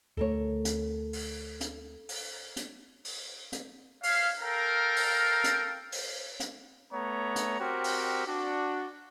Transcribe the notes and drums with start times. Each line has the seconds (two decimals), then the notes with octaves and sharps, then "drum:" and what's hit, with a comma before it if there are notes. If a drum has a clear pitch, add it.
0.17 D2 A3 A4 A#4 C#5
0.65 drum: hi-hat
1.13 drum: open hi-hat
1.61 drum: hi-hat
2.09 drum: open hi-hat
2.57 drum: hi-hat
3.05 drum: open hi-hat
3.52 drum: hi-hat
4.03 C#5 E5 F5, drum: open hi-hat
4.40 A4 A#4 F5 G5 A#5
4.96 drum: open hi-hat
5.44 drum: hi-hat
5.92 drum: open hi-hat
6.40 drum: hi-hat
6.92 A3 B3 C#5 A#5
7.36 drum: hi-hat
7.60 C4 F#4 G4 A#4
7.84 drum: open hi-hat
8.26 D4 F#4